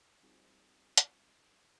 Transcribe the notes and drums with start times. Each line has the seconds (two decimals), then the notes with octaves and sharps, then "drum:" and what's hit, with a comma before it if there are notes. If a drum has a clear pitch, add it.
0.23 G3 C4 D#4 F4 F#4 G#4
0.97 drum: hi-hat